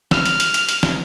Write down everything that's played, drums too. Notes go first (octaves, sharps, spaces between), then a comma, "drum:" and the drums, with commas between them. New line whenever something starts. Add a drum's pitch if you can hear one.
F6, drum: snare
drum: hi-hat
drum: hi-hat
drum: hi-hat
drum: hi-hat
drum: snare